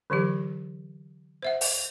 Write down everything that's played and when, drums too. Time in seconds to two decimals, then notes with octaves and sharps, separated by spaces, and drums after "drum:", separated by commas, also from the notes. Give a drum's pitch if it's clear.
0.10 D3 E3 F#3 G4
1.42 C5 E5 F#5
1.61 drum: open hi-hat